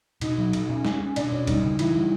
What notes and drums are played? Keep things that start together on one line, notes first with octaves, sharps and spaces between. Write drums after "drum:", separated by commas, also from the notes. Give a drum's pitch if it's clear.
B2 D#4, drum: cymbal
F#3
B2, drum: cymbal
C#4
C#4, drum: snare
C#4
B2 D4, drum: cymbal
B2 C#4
G3 D#4, drum: kick, cymbal
C#3
E3 E4, drum: cymbal
G3